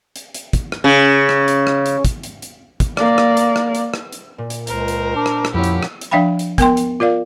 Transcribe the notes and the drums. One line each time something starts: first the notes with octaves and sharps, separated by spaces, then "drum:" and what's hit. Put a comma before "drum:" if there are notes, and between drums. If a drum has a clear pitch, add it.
drum: hi-hat
drum: hi-hat
drum: kick, hi-hat
drum: rim click
C#3
drum: rim click
drum: hi-hat
drum: rim click
drum: hi-hat
drum: kick, hi-hat
drum: hi-hat
drum: hi-hat
drum: kick, hi-hat
A#3 D5, drum: rim click
drum: rim click
drum: hi-hat
drum: rim click
drum: hi-hat
drum: rim click
drum: hi-hat
A#2
drum: hi-hat
C#2 A#4 C5, drum: hi-hat
drum: hi-hat
D4
drum: rim click
drum: rim click
F2 F3 A#3 C#4 E4 G4 F#5
drum: hi-hat
drum: rim click
drum: hi-hat
F3 D4 E5 F5 G5 B5
drum: hi-hat
B3 A#4 G5 C6, drum: kick, hi-hat
drum: hi-hat
F4 A#4 D5 F5